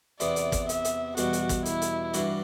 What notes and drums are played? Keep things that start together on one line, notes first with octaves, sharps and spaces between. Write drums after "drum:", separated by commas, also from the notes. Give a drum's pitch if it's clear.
E2 C3 E3 B3 D5, drum: hi-hat
drum: hi-hat
drum: kick, hi-hat
E5, drum: hi-hat
drum: hi-hat
E2 B2 G3 F#4, drum: hi-hat
drum: hi-hat
drum: kick, hi-hat
E4, drum: hi-hat
drum: hi-hat
G2 E3 G3 D4 F#4, drum: hi-hat